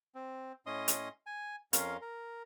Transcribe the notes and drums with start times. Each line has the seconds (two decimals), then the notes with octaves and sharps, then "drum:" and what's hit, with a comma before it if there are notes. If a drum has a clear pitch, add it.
0.15 C4
0.66 A2 C#4 D#5 C6 D#6
0.88 drum: hi-hat
1.26 G#5
1.73 F2 C#4 A#4 F5 C6, drum: hi-hat
2.01 A#4